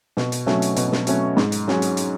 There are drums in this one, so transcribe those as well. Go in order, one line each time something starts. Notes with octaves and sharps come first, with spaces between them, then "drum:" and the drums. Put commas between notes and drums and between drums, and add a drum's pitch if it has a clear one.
B2, drum: snare
drum: hi-hat
F#3 A3 C#4, drum: snare
drum: hi-hat
B2, drum: hi-hat
drum: snare
F#3 A3 C#4, drum: hi-hat
G#2, drum: snare
drum: hi-hat
F#3 C#4 G#4, drum: snare
drum: hi-hat
drum: hi-hat